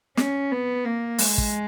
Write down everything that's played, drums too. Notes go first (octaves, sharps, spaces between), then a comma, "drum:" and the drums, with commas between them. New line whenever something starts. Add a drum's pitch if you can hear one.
C#4, drum: snare
B3
A#3
G#3, drum: open hi-hat
drum: kick